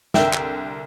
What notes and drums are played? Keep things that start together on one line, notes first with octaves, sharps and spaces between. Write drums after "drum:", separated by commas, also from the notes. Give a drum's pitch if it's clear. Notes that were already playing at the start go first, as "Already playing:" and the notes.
C2 D3 A#4 E5 G5, drum: snare
drum: clap